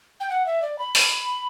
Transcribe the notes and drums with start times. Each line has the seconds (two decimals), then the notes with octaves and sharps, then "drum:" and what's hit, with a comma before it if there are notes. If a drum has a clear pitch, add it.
0.20 G5
0.30 F#5
0.46 E5
0.62 D5
0.79 B5
0.95 drum: open hi-hat